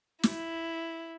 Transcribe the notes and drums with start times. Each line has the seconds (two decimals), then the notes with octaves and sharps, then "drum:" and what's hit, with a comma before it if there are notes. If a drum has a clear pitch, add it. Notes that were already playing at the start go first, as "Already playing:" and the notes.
0.23 E4, drum: snare